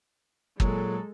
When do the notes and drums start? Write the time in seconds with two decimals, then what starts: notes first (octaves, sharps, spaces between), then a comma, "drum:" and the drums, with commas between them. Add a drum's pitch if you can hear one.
0.60 A#2 F#3 G#3 A4, drum: kick